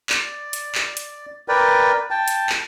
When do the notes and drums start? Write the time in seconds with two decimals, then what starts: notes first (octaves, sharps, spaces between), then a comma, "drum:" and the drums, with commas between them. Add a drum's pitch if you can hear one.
0.09 D5, drum: clap
0.53 drum: hi-hat
0.75 drum: clap
0.97 drum: hi-hat
1.48 A#4 B4 D5 G5
2.11 G5 A5
2.28 drum: hi-hat
2.49 drum: clap